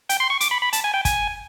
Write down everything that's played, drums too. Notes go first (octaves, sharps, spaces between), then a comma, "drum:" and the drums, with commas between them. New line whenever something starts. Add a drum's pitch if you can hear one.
G5, drum: hi-hat
C6
C#6
D6, drum: hi-hat
B5
B5
A5, drum: hi-hat
G#5
G5
G#5, drum: kick, hi-hat